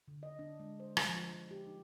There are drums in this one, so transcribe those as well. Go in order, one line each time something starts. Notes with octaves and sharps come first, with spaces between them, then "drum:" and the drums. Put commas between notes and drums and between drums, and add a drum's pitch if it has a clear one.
D3
D#5
D4
G#3
C5
drum: rim click
F3
G4
D#4